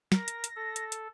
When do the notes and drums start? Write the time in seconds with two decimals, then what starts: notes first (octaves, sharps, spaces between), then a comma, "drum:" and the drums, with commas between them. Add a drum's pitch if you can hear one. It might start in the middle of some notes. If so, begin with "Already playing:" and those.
0.12 A#4 A#6, drum: snare
0.28 drum: hi-hat
0.44 drum: hi-hat
0.56 A4
0.76 drum: hi-hat
0.92 drum: hi-hat